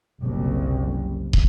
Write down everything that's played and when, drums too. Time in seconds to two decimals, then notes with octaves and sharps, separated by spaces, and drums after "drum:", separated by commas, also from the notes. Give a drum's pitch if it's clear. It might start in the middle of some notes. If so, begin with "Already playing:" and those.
0.21 F#1 C2
1.33 drum: kick